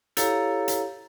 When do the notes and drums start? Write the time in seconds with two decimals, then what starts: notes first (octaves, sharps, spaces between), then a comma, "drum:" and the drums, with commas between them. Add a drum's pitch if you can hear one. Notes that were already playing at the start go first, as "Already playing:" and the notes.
0.17 E4 G4 A4 C#5 F5 A#5, drum: hi-hat
0.68 drum: hi-hat